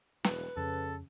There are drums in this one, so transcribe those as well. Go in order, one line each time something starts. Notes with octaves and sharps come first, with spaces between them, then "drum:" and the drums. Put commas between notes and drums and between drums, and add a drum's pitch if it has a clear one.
E1 B4, drum: snare
F2 C#3 A4